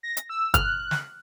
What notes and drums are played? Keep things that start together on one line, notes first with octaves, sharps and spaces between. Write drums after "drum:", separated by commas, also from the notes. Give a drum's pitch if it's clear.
A#6
drum: hi-hat
E6
F6 F#6, drum: kick, hi-hat
drum: snare